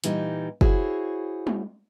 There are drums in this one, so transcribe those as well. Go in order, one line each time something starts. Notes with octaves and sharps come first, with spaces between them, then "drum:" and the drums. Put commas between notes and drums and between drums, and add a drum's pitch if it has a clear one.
A#2 E3 G3 D#4, drum: hi-hat
E4 F#4 G#4 C5 C#5, drum: kick F#1
drum: tom